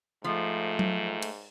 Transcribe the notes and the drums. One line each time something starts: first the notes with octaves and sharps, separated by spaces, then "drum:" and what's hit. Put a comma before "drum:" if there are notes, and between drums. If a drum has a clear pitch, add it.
G#2 F3 A3
drum: tom F#3
drum: cymbal